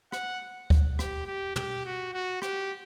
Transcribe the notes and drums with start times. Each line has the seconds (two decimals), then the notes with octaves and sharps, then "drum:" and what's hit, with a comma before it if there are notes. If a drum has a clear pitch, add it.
0.12 F#5, drum: rim click
0.70 drum: kick D2
0.99 G4, drum: rim click
1.27 G4
1.56 G4, drum: tom
1.85 F#4
2.13 F#4
2.42 G4, drum: rim click